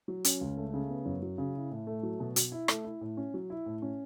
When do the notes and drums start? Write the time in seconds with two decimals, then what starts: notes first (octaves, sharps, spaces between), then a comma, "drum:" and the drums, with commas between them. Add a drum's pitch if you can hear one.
0.08 F#3
0.24 C#4, drum: hi-hat
0.41 C#2
0.57 A3
0.74 C#3
0.89 B3
1.05 F#2
1.22 F#3
1.38 C#3
1.55 E4
1.71 A2
1.87 A3
2.03 F#3
2.20 B2
2.36 B2, drum: hi-hat
2.52 E4
2.68 A3, drum: rim click
2.84 E4
3.01 A2
3.17 C#4
3.34 F#3
3.50 E4
3.66 A2
3.82 C#4